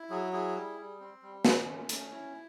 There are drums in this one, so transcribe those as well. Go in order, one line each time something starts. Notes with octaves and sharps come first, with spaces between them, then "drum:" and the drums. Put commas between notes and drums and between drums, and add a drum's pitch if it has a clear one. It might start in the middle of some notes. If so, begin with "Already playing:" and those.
Already playing: E4
F#3 G#4
E4 G#4
G3
G3
C4
G3
C#4, drum: snare
A3
C#4, drum: hi-hat
E4